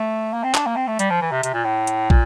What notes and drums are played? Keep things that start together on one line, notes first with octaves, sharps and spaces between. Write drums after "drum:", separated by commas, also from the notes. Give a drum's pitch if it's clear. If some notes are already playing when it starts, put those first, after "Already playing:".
Already playing: A3
A#3
C4
D4, drum: clap
A#3
C4
A3
G3, drum: hi-hat
F3
E3
C3
C3, drum: hi-hat
A#2
A2
drum: hi-hat
A#2, drum: kick